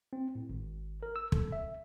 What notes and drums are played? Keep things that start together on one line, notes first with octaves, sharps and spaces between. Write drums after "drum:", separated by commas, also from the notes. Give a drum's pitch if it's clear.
C4
A2
G#1
A#4
E6
A4, drum: kick
E5